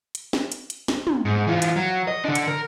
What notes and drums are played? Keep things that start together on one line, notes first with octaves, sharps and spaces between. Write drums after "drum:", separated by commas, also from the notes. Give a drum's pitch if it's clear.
drum: hi-hat
drum: snare
drum: hi-hat
drum: hi-hat
drum: snare
drum: tom
G#2
E3 F4
drum: hi-hat
F#3
D#5
D3 D4
drum: hi-hat
A#4